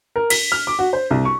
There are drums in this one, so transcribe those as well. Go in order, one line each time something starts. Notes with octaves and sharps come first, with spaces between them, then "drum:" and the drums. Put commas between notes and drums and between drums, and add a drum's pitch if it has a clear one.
A#4
B6, drum: cymbal
F6
D6
F#4
C5
C2
C#6